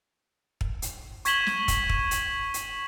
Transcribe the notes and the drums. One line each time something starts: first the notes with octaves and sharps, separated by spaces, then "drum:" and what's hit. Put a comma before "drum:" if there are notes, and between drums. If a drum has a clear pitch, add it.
drum: kick
drum: hi-hat
C#6 G#6 B6 E7 F#7 G7, drum: hi-hat
drum: snare
drum: kick, hi-hat
drum: kick
drum: hi-hat
drum: hi-hat